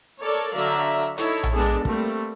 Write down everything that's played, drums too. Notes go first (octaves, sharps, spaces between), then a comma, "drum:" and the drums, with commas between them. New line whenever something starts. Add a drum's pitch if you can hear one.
A4 A#4 C#5 D5
D3 F#3 D5 E5 F5 A#5
D#4 E4 A4 C#5, drum: hi-hat
drum: tom A#1
G#3 B3 D4 G#4 A4
G3 A3 A#3 C4, drum: kick